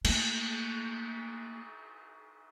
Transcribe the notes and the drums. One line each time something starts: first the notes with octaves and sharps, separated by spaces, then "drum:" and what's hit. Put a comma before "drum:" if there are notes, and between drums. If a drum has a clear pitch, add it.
A3 A#3, drum: cymbal